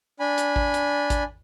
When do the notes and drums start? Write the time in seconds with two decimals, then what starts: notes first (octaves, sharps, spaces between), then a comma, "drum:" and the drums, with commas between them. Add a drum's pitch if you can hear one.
0.20 D4 G#5 B5
0.38 drum: hi-hat
0.56 drum: kick A1
0.74 drum: hi-hat
1.10 drum: kick A1, hi-hat